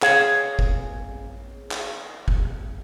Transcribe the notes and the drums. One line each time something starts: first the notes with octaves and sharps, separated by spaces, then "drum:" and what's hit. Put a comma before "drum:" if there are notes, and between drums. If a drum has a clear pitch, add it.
G#4 C#5 F5, drum: clap
drum: kick F#1
drum: clap
drum: kick F#1